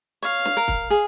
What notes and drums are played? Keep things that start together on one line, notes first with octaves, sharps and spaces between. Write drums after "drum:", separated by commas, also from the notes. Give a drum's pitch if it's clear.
C#5 F5, drum: hi-hat
drum: snare
A#4
drum: kick, hi-hat
G#4, drum: hi-hat